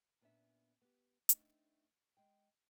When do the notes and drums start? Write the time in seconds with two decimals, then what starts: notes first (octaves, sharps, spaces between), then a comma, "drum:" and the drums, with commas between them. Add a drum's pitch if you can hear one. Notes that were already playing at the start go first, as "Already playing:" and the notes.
0.21 A#2 B3 C#4 D4 E5
0.82 B3 G4
1.29 A3 C4 D4 D#4, drum: hi-hat
2.17 G#3 G5